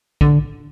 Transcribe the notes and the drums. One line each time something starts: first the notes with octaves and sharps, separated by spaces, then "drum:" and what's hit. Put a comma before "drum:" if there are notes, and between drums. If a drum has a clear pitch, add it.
D3, drum: kick